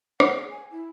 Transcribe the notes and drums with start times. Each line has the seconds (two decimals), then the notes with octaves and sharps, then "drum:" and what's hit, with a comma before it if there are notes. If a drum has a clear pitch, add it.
0.20 F#5, drum: rim click
0.35 G#4
0.50 G#5
0.71 E4